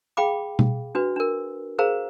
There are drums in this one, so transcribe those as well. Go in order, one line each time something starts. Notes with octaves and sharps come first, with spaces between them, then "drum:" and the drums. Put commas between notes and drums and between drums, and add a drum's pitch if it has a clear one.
G#4 F5 G5 B5 D6
drum: tom B2
D4 F#4 B4
D4 A#4
G#4 A#4 C5 F5 A#5